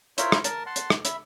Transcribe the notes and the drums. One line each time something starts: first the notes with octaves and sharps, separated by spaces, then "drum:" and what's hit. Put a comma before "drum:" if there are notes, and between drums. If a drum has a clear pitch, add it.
E4 F4 A#4 C5 C#5 B5, drum: hi-hat
drum: rim click
A#4 A5, drum: hi-hat
F#5 A5 C6
drum: hi-hat
drum: rim click
E5 B5, drum: hi-hat